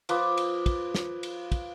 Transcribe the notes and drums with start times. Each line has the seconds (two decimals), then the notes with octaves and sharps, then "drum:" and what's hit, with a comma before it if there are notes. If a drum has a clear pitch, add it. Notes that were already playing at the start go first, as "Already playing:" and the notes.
0.09 F3 B4 D6 D#6, drum: cymbal
0.37 drum: cymbal
0.66 drum: kick, cymbal
0.95 drum: snare
1.23 drum: cymbal
1.52 drum: kick, cymbal